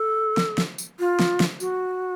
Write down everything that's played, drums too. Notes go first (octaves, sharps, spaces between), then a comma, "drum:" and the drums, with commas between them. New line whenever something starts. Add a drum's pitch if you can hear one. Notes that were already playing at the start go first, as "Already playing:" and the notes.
Already playing: A4
drum: snare
drum: snare
drum: tambourine
F4
drum: snare
drum: snare
F#4, drum: tambourine